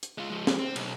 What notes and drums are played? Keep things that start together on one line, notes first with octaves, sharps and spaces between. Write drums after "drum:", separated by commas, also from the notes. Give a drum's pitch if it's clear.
drum: hi-hat
G#3 F4
F3 G#3
drum: snare
C4
B1, drum: cymbal